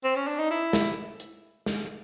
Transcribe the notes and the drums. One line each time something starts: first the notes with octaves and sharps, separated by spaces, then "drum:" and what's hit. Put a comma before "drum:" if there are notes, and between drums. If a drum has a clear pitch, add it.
C4
C#4
D4
D#4
E4
drum: snare
drum: hi-hat
drum: snare